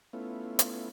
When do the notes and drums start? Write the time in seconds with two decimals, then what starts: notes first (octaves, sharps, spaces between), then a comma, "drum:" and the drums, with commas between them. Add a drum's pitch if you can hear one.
0.13 A3 B3 C#4 E4 F4
0.59 drum: hi-hat